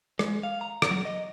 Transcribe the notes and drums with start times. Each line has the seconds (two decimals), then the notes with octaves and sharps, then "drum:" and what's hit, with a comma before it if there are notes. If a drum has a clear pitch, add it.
0.19 G#3, drum: rim click
0.43 F5
0.61 A#5
0.82 drum: rim click
0.91 F#3
1.05 D#5